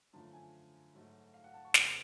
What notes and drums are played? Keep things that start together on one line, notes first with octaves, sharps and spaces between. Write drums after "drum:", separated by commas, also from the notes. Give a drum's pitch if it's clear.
F#2 D3 F3 A3 A5
G#5
G#2 F#3 A3
F5
F#5
A5
C#6
F2 C#3 G#3 B3 B5, drum: snare